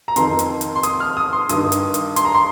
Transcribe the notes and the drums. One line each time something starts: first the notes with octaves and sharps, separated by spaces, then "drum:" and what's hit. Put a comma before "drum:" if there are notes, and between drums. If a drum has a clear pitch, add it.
A#5
F2 D#3 C6, drum: hi-hat
drum: hi-hat
drum: hi-hat
C6
D#6, drum: hi-hat
F6
D#6
C6
G2 D#3 D#6, drum: hi-hat
drum: hi-hat
drum: hi-hat
C6, drum: hi-hat
A#5
C6